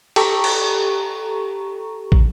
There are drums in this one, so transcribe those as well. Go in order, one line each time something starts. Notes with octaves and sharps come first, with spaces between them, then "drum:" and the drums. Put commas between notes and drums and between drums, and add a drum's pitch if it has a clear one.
G4 A4 A#5 C#6, drum: cymbal
drum: cymbal
drum: kick